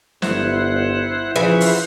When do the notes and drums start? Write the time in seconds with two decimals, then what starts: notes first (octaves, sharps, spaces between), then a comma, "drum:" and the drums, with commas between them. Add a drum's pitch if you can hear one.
0.22 G1 E4 C5 F#5, drum: snare
1.36 C#3 E3 F3 C5 E5 F#5
1.60 drum: open hi-hat